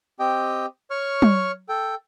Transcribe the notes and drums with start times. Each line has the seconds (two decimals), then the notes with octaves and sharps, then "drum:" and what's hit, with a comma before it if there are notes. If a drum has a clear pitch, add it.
0.19 C4 G4 D#5 G5
0.90 C#5 C#6 F6
1.22 drum: tom
1.69 A4 G5